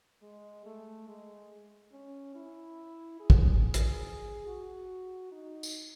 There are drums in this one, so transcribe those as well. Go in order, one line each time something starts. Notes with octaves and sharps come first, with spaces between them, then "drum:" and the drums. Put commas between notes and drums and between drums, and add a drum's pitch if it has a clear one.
G#3
A3
G#3
C#4
E4
G#4
drum: kick
drum: hi-hat
F#4
D#4
drum: tambourine